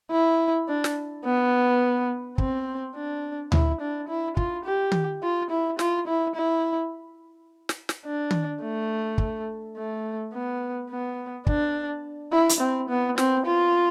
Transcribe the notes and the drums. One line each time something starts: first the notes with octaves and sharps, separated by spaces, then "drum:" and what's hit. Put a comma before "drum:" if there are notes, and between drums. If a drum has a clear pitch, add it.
E4
D4
drum: snare
B3
C4, drum: kick
D4
E4, drum: tom D2
D4
E4
F4, drum: kick
G4
drum: tom D#3
F4
E4
F4, drum: snare
E4
E4
drum: snare
drum: snare
D4
drum: tom D#3
A3
drum: kick
A3
B3
B3
D4, drum: kick
E4
drum: hi-hat
C4
B3
C4, drum: snare
F4